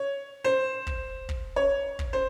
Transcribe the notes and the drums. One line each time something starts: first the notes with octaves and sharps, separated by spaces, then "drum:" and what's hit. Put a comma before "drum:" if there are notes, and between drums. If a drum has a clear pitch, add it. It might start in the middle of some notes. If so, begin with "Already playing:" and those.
Already playing: C#5
C5
drum: kick
drum: kick
C#5
drum: kick
C5